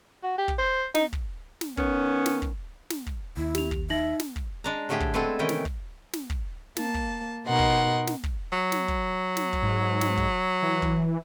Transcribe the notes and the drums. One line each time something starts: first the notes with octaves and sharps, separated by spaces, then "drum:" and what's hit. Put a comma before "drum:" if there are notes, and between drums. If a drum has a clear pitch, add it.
F#4
G4
drum: kick
C5
D#4, drum: snare
drum: kick
drum: snare
D#3 B3 C#4, drum: kick
drum: snare
drum: kick
drum: snare
drum: kick
D#2 E4
G4 F7, drum: snare
drum: kick
D#4 E5 A#6 F#7
drum: snare
drum: kick
G#3 D4 A#5
A2 D3 A3 G4 G#4 G5
drum: kick
G#3 A3 B3 C4 G#4 A4
C3 D#3 E3 C#4 D#4 G5
drum: snare
drum: kick
drum: snare
drum: kick
A#3 A5, drum: snare
drum: kick
B2 D#4 A#4 F#5 C6
drum: kick
drum: snare
drum: kick
F#3
drum: snare
drum: kick
drum: snare
drum: kick
G#2
drum: snare
drum: kick
E3
drum: kick